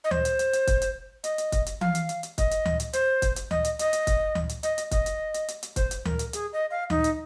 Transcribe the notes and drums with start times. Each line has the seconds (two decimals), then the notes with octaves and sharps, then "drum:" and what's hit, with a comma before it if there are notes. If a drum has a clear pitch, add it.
0.04 D#5
0.11 C5, drum: tom D2
0.25 drum: hi-hat
0.39 drum: hi-hat
0.53 drum: hi-hat
0.67 drum: kick, hi-hat
0.82 drum: hi-hat
1.24 D#5, drum: hi-hat
1.38 drum: hi-hat
1.52 drum: kick, hi-hat
1.66 drum: hi-hat
1.81 F5, drum: tom E3
1.95 drum: hi-hat
2.09 drum: hi-hat
2.23 drum: hi-hat
2.38 D#5, drum: kick, hi-hat
2.51 drum: hi-hat
2.65 drum: tom D2
2.80 drum: hi-hat
2.93 C5, drum: hi-hat
3.22 drum: kick, hi-hat
3.36 drum: hi-hat
3.51 D#5, drum: tom D2
3.65 drum: hi-hat
3.79 D#5, drum: hi-hat
3.93 drum: hi-hat
4.07 drum: kick, hi-hat
4.35 drum: tom D2
4.49 drum: hi-hat
4.63 D#5, drum: hi-hat
4.78 drum: hi-hat
4.91 D#5, drum: kick, hi-hat
5.06 drum: hi-hat
5.34 drum: hi-hat
5.48 drum: hi-hat
5.63 drum: hi-hat
5.76 C5, drum: kick, hi-hat
5.91 drum: hi-hat
6.05 A#4, drum: tom D2
6.19 drum: hi-hat
6.33 G#4, drum: hi-hat
6.53 D#5
6.71 F5
6.90 D#4, drum: tom D2
7.04 drum: hi-hat